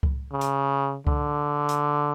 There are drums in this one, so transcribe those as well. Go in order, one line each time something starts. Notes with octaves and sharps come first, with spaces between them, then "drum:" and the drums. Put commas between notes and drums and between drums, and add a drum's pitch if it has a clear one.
drum: kick C#2
C#3
drum: hi-hat
D3, drum: kick C#2
drum: hi-hat